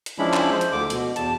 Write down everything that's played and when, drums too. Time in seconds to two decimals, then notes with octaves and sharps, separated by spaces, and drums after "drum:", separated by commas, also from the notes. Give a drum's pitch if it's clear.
0.06 drum: hi-hat
0.19 F3 G#3 C#4 D4 E4 B5
0.34 drum: clap
0.51 F3 C5
0.61 drum: hi-hat
0.72 D2 D3 D6
0.90 B2, drum: hi-hat
1.16 E2 A5, drum: hi-hat